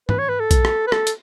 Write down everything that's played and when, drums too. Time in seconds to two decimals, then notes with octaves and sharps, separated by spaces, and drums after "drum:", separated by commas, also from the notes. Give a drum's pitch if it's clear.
0.09 B4, drum: tom
0.19 C#5
0.29 B4
0.40 A4
0.51 drum: kick A#1, hi-hat
0.65 drum: rim click
0.87 B4
0.92 A4, drum: rim click
1.07 drum: hi-hat